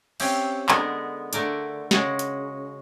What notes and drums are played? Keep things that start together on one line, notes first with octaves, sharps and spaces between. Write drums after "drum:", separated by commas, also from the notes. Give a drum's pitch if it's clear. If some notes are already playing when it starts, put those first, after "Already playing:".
C4 C#4 G4 E5 F5, drum: cymbal
D3 G#3 B3 A#4, drum: clap
D3 A3 A#4 D5, drum: hi-hat
C#3 G#3 F#4, drum: snare
drum: hi-hat